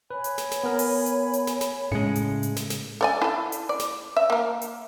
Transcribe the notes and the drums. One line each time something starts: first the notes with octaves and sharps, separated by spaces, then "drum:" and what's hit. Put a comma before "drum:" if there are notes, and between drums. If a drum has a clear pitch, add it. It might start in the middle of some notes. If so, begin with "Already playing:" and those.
B4 C#5 G#5 B5
drum: hi-hat
drum: snare
drum: snare
B3 A#4
drum: open hi-hat
drum: hi-hat
drum: hi-hat
drum: snare
drum: snare
A2 C#3 G#3 C#7
drum: hi-hat
drum: hi-hat
drum: snare
drum: snare
A4 D5 G#5
E4 A4
drum: hi-hat
D5
drum: snare
E5
A#3 A#4
drum: hi-hat